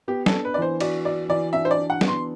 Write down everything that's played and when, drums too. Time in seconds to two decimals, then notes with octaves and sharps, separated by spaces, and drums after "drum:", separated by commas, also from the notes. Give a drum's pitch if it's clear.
0.08 B3 G4
0.26 A4, drum: snare
0.32 D4
0.45 B4
0.54 D5
0.57 E3 C5
0.80 F#4 D5, drum: cymbal
1.05 F#4 D5
1.29 E3 D5
1.53 D4 E5
1.65 C5
1.71 D5
1.77 D4
1.90 F#5
2.01 B3, drum: snare
2.08 C6